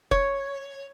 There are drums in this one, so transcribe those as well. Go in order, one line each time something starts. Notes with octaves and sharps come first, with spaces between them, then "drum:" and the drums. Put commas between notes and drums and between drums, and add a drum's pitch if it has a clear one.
C#5, drum: kick F1